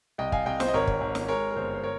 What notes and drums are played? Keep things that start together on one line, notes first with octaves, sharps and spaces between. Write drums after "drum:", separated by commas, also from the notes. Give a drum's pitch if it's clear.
C2 D#5 G5
F5 G#5, drum: kick
C2 D#5 G5
C5, drum: snare
D#5
G#1 A#4 C#5
drum: kick
G#1
drum: snare
G#3 A#4 C#5
A#4
G1 C5
C5
A#4 C#5